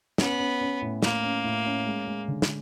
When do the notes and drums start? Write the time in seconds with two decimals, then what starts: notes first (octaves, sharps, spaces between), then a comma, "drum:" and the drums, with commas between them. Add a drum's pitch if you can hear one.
0.18 B3 C#4, drum: snare
0.40 C#4
0.61 C#4
0.82 A2
1.03 A2 A#3, drum: snare
1.23 C#4
1.44 A2
1.66 C#4
1.86 G#3
2.07 G#3
2.28 D3
2.42 drum: snare